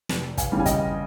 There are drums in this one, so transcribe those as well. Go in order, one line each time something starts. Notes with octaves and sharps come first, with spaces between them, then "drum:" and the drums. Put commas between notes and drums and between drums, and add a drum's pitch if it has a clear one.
F1, drum: snare
F5 G#5, drum: kick, hi-hat
D#2 C#3 G3
G#5
D#5 G5, drum: kick, hi-hat